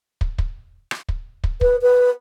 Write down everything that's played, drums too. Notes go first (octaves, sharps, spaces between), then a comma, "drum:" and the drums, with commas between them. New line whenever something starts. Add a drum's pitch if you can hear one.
drum: kick
drum: kick
drum: rim click
drum: kick
drum: kick
B4, drum: kick
B4